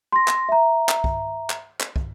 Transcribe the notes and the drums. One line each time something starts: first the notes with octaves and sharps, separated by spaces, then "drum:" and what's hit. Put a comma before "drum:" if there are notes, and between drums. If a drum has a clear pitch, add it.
C6 A#6
drum: clap
E5 A#5
drum: clap
drum: kick
drum: clap
drum: clap
drum: kick